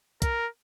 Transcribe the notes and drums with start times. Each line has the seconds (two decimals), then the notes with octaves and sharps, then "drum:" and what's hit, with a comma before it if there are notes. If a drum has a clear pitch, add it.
0.22 A#4, drum: kick, hi-hat